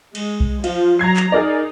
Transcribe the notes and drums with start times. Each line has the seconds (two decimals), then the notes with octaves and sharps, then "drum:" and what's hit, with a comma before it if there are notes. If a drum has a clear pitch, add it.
0.15 G#3, drum: cymbal
0.40 drum: kick B1
0.64 F3 F4, drum: cymbal
0.99 F#3 A#5 G#6 C7
1.16 drum: clap
1.32 D#4 G#4 A#4 D5